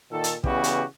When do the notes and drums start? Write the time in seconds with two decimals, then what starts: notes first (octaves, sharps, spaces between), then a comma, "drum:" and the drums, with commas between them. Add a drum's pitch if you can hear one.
0.11 A#2 D#3 A4
0.24 drum: hi-hat
0.44 C#3 E3 G3 B3 F#4 G4, drum: kick
0.64 drum: hi-hat